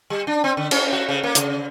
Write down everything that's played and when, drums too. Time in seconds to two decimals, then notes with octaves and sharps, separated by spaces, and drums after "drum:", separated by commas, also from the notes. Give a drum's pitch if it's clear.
0.10 G3
0.27 D4
0.44 C4
0.57 D3
0.71 C#4, drum: cymbal
0.93 F#4
1.09 C#3
1.23 A#3
1.35 C#3, drum: hi-hat